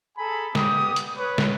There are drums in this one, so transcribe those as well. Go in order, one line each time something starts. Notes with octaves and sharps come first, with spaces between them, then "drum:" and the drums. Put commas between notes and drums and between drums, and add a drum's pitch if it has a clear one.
G#4 A4 G#5 A#5 B5
G3 B3 G4 D#6, drum: snare
drum: hi-hat
B4 C#5
drum: snare